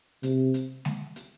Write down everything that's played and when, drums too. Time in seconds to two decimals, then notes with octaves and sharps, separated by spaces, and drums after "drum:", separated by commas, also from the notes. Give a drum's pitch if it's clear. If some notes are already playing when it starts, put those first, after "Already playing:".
0.23 C3, drum: hi-hat
0.54 drum: hi-hat
0.85 drum: snare
1.16 drum: hi-hat